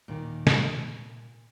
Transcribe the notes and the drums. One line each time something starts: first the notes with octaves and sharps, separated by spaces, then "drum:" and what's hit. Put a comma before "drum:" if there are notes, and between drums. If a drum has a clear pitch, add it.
D#2 A#2 D#3 A#3
drum: snare